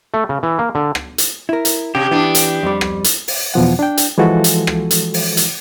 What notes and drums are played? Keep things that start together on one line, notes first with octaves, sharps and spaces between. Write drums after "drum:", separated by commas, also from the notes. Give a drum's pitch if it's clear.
A3
C#3
E3
A#3
D3
drum: rim click
drum: hi-hat
E4 A#4
drum: hi-hat
C3 G4
E3 B3 D4
drum: hi-hat
F2 G3
drum: rim click
drum: hi-hat
drum: open hi-hat
E2 B2 F3 F#5
D4 G5
drum: hi-hat
E3 F3 G#3 F#4 A4
drum: hi-hat
drum: rim click
drum: hi-hat
drum: open hi-hat
drum: hi-hat